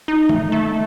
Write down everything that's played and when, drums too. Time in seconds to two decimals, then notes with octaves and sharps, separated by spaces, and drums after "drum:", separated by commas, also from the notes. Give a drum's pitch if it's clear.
0.08 D#4
0.29 A3, drum: tom D3
0.52 A3